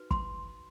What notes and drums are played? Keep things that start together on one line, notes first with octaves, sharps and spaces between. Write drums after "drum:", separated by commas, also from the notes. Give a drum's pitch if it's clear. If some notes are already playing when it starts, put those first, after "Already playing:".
Already playing: D#4 F#4 B4
C6, drum: kick